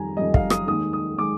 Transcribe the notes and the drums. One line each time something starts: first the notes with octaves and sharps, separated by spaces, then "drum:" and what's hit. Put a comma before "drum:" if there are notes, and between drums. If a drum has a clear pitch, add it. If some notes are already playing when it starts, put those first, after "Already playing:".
Already playing: F2 D#3 G3 G#5 A#5
F2 D#3 G3 D#5
F5, drum: kick
D#6, drum: rim click
D#2 D#3 G#3 D#6
D#6
D#3 G#3 D6